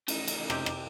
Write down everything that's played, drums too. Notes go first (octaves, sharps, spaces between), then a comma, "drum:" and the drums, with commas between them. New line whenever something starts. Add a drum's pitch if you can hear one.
A1 C#3 D#4, drum: cymbal
drum: cymbal
C3 G4, drum: rim click
drum: rim click